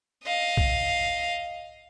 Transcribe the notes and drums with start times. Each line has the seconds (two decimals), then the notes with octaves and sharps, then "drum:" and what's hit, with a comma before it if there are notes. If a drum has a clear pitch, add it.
0.24 D#5 F5
0.57 drum: kick B1